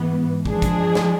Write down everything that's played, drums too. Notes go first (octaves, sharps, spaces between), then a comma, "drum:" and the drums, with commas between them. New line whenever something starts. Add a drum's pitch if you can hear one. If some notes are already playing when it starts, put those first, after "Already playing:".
Already playing: G#2 E3 B3
F3 G#3 D4 G#4, drum: kick
drum: kick, hi-hat
drum: snare